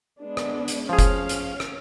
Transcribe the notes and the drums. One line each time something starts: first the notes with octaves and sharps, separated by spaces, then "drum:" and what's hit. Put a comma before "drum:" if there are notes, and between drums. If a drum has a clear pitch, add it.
G#3 B3 D4
drum: rim click
drum: hi-hat
F3 C#4 G#4 F5
drum: kick F#1, hi-hat
drum: hi-hat
drum: rim click